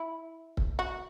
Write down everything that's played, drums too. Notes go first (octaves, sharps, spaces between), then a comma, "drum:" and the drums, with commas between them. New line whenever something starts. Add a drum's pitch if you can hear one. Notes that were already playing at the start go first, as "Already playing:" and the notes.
Already playing: E4
drum: kick C#1
F#4